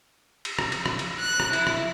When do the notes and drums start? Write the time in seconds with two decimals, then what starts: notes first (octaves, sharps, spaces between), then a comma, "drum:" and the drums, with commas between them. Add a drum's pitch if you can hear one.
0.45 drum: cymbal
0.59 drum: rim click
0.72 drum: cymbal
0.86 drum: rim click
0.99 drum: cymbal
1.20 F#6
1.40 drum: rim click
1.53 E4, drum: cymbal
1.67 drum: rim click